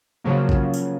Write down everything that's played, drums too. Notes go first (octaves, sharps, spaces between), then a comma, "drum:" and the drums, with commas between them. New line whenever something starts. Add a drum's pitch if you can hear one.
C#3 F3 F#3 A#3
drum: kick A1
drum: tambourine